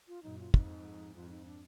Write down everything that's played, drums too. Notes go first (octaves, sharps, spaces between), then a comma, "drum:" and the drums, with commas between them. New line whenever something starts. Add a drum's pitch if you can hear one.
F4
F#2 A#2 D#4
F4
F2 G#2 D#4, drum: kick
F2 F4
D#4
D4